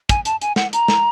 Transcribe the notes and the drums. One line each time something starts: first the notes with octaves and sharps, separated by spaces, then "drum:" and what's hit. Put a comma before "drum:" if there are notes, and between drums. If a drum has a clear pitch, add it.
G#5, drum: kick, hi-hat
A5, drum: hi-hat
G#5, drum: hi-hat
F#5, drum: snare
A#5, drum: hi-hat
drum: snare